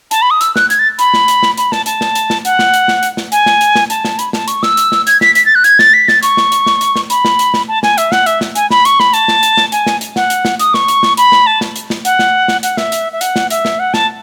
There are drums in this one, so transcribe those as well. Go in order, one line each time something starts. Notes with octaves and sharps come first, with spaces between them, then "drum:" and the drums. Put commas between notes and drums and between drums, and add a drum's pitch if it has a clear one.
A5, drum: hi-hat
B5
D#6
E6, drum: hi-hat
F#6, drum: snare
G#6, drum: hi-hat
A6
B5, drum: hi-hat
drum: snare
drum: hi-hat
drum: snare
B5, drum: hi-hat
A5, drum: snare
A5, drum: hi-hat
drum: snare
drum: hi-hat
drum: snare
F#5, drum: hi-hat
drum: snare
drum: hi-hat
drum: snare
drum: hi-hat
drum: snare
G#5, drum: hi-hat
drum: snare
drum: hi-hat
drum: snare
A5, drum: hi-hat
drum: snare
B5, drum: hi-hat
A5, drum: snare
C#6, drum: hi-hat
E6, drum: snare
drum: hi-hat
drum: snare
G#6, drum: hi-hat
B6, drum: snare
B6, drum: hi-hat
A6
F#6
G#6, drum: hi-hat
A6, drum: snare
B6
A6, drum: snare
C#6, drum: hi-hat
drum: snare
drum: hi-hat
drum: snare
drum: hi-hat
drum: snare
B5, drum: hi-hat
drum: snare
drum: hi-hat
drum: snare
A5
G#5, drum: snare
E5, drum: hi-hat
F#5, drum: snare
E5, drum: hi-hat
drum: snare
G#5, drum: hi-hat
B5, drum: snare
C#6, drum: hi-hat
B5, drum: snare
A5, drum: hi-hat
drum: snare
drum: hi-hat
drum: snare
G#5, drum: hi-hat
drum: snare
drum: hi-hat
F#5, drum: snare
drum: hi-hat
drum: snare
D#6, drum: hi-hat
C#6, drum: snare
drum: hi-hat
drum: snare
B5, drum: hi-hat
drum: snare
A5
drum: snare
drum: hi-hat
drum: snare
F#5, drum: hi-hat
drum: snare
drum: snare
F#5, drum: hi-hat
E5, drum: snare
drum: hi-hat
E5
F#5, drum: hi-hat
drum: snare
E5, drum: hi-hat
drum: snare
F#5
A5, drum: snare